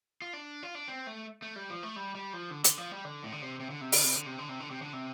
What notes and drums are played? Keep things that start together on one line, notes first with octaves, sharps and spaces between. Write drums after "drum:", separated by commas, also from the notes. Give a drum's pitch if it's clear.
F4
D4
F4
D4
C4
A3
A3
G3
F3
A3
G3
G3
F3
D3
D3, drum: hi-hat
F3
G3
D3
A2
D3
C3
C3
D3
C3
D3, drum: open hi-hat
C3
D3
C3
D3
C3
D3
C3
D3
C3